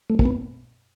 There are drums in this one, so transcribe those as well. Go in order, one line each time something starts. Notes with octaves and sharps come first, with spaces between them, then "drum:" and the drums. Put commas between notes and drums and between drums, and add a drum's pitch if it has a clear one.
A3
A#3, drum: kick
B3